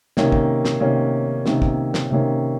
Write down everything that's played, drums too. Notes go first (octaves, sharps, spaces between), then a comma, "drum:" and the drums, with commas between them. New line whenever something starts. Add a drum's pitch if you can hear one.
C3 D#3 A#3 C#4, drum: snare
drum: kick
drum: snare
C3 D#3 A#3 C#4
C3 D#3 A#3 C#4, drum: snare
drum: kick
drum: snare
C3 D#3 A#3 C#4